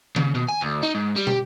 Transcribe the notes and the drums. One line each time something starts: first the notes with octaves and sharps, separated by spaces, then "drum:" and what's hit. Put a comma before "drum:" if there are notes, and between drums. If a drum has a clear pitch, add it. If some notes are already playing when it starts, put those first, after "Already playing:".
C#3, drum: tom D#3
B2
G#5
D2
D#4
G#2
G3
G4, drum: tom